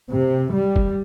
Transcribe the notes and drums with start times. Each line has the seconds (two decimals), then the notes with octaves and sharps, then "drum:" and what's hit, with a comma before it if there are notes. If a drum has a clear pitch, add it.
0.10 C3
0.54 G3
0.76 drum: kick